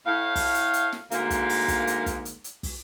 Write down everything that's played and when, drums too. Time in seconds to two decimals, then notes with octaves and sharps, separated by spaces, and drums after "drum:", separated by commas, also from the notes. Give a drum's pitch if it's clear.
0.06 A2 F5
0.35 drum: kick, open hi-hat
0.54 drum: hi-hat
0.73 drum: hi-hat
0.92 drum: snare
1.11 D2 G#2 A#3, drum: hi-hat
1.30 drum: kick, hi-hat
1.49 drum: open hi-hat
1.68 drum: kick, hi-hat
1.87 drum: hi-hat
2.06 drum: kick, hi-hat
2.25 drum: hi-hat
2.44 drum: hi-hat
2.63 drum: kick, open hi-hat